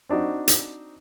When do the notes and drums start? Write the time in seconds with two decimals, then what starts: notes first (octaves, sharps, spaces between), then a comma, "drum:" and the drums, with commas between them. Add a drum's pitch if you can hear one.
0.09 C4 D4 D#4 F#4
0.48 drum: hi-hat